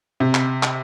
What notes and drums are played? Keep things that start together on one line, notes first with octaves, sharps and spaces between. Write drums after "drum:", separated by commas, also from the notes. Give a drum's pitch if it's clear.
C3
drum: clap
drum: clap